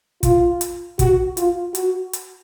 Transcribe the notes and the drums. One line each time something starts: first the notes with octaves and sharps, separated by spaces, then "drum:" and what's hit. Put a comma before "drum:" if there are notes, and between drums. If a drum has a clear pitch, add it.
F4, drum: kick, hi-hat
drum: hi-hat
F#4, drum: kick, hi-hat
F4, drum: hi-hat
F#4, drum: hi-hat
drum: hi-hat